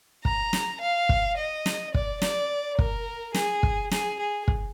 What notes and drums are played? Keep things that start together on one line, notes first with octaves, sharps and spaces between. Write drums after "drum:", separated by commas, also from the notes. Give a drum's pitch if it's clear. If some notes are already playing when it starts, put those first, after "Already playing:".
A#5, drum: kick
drum: snare
F5
drum: kick
D#5
drum: snare
D5, drum: kick
D5, drum: snare
A#4, drum: kick
G#4, drum: snare
drum: kick
G#4, drum: snare
G#4
drum: kick